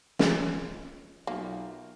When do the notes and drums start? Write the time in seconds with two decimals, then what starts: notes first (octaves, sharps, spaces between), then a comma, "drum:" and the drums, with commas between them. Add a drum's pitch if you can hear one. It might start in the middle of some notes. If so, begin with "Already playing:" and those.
0.19 G#3 F4 A4 C#5, drum: snare
1.27 B1 A#3 F4 E5